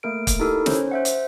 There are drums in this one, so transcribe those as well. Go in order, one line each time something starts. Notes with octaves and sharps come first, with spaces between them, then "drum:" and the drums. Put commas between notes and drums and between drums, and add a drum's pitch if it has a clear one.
A3 A#3 A#4 D7
drum: kick, hi-hat
D#4 E4 G4 A4 A#4
C#4 C5 C#5, drum: snare
C5 E5 F#5
drum: hi-hat